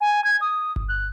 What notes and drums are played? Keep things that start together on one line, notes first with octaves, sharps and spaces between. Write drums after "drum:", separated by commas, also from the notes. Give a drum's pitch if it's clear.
G#5
G#6
D#6
drum: kick G1
F#6